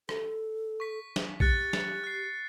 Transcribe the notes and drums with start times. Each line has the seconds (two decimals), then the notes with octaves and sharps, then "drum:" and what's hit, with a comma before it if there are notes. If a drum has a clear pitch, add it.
0.09 A4, drum: rim click
0.80 C#6 B6
1.16 drum: snare
1.40 G4 F#6 A6 C#7, drum: kick A#1
1.73 drum: snare
2.04 F#6 C7